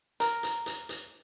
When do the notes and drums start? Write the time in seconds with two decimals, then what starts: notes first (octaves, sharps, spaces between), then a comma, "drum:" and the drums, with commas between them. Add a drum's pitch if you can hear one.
0.20 A#4, drum: hi-hat
0.43 drum: hi-hat
0.66 drum: hi-hat
0.89 drum: hi-hat